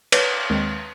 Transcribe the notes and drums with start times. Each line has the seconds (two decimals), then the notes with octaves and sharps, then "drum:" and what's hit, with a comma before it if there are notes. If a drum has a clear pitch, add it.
0.12 B4 C#5, drum: cymbal
0.50 D#2 D#3 G#3 C4